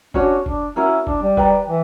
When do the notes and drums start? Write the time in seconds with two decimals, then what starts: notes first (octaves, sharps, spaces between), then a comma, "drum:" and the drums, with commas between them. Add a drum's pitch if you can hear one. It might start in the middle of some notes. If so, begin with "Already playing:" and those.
0.14 C#4 D4 F#4 C#5, drum: kick F#1
0.46 D4, drum: kick F#1
0.76 C#4 E4 F#4 A#4
1.07 D4, drum: kick F#1
1.22 G3
1.37 B4 D5 G5 A#5, drum: kick F#1
1.68 E3